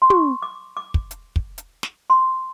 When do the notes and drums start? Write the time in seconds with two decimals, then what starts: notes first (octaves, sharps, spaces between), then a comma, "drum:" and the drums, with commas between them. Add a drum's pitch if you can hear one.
0.02 C6
0.10 C#6, drum: tom
0.42 D6
0.77 D6
0.94 drum: kick
1.11 drum: hi-hat
1.36 drum: kick
1.58 drum: hi-hat
1.83 drum: snare
2.10 C6